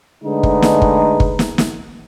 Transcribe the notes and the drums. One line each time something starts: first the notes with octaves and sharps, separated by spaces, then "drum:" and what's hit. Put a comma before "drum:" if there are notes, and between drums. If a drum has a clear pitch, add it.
D3 G#3 A3 D#4 B4
drum: kick
drum: snare
drum: kick
drum: kick
drum: snare
drum: snare